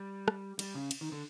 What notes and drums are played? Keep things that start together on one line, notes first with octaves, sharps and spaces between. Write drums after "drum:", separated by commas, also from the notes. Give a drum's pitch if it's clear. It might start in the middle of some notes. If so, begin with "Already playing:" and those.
Already playing: G3
drum: rim click
G3, drum: cymbal
C#3
drum: cymbal
D#3
D3